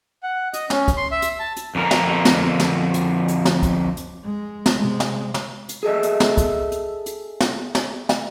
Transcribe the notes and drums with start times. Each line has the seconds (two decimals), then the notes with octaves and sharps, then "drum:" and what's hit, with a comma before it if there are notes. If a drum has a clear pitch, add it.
0.23 F#5
0.53 D#5, drum: hi-hat
0.70 C#4, drum: snare
0.88 drum: kick, hi-hat
0.97 C6
1.12 E5
1.22 drum: hi-hat
1.39 A5
1.56 drum: hi-hat
1.75 F2 D3 A#4 A#5
1.91 drum: snare
2.25 drum: snare
2.60 drum: snare
2.94 drum: hi-hat
3.28 drum: hi-hat
3.45 drum: snare
3.63 drum: kick, hi-hat
3.97 drum: hi-hat
4.24 G#3
4.66 drum: snare
4.77 C3 G#3
5.00 drum: snare
5.34 drum: snare
5.69 drum: hi-hat
5.83 G#4 A4 D#5 E5
6.03 drum: hi-hat
6.20 drum: snare
6.37 drum: kick, hi-hat
6.72 drum: hi-hat
7.06 drum: hi-hat
7.40 drum: snare
7.75 drum: snare
8.09 drum: snare